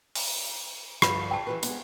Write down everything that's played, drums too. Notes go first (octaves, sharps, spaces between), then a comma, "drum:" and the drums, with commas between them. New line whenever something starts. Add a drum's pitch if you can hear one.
drum: open hi-hat
G2 D3 F3 B5, drum: rim click
G5 A5
E3 G4 B4
G#3 B3, drum: hi-hat